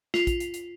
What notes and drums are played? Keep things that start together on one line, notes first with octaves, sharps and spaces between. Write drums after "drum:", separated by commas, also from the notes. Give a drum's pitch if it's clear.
F4, drum: snare
drum: kick, hi-hat
drum: hi-hat
drum: hi-hat